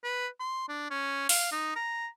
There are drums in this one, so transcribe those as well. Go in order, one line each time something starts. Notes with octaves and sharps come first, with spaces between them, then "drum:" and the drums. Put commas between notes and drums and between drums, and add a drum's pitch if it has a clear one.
B4
C6
D4
C#4
F5, drum: open hi-hat
D#4
A#5